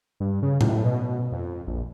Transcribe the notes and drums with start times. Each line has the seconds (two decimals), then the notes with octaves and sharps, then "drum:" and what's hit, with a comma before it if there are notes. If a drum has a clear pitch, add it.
0.20 G2
0.42 C#3
0.61 A2, drum: tom A2
0.85 B2
1.32 F2
1.67 A#1